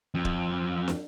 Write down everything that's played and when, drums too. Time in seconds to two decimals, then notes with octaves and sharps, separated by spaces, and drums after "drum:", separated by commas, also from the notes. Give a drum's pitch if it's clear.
0.14 F2
0.25 drum: kick D1
0.88 drum: snare